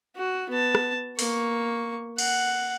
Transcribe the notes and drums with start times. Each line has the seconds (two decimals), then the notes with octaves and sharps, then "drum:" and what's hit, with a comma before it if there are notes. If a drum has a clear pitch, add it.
0.16 F#4
0.49 B3 A5
0.75 drum: rim click
1.19 A#3 C#6, drum: open hi-hat
2.18 F#5, drum: cymbal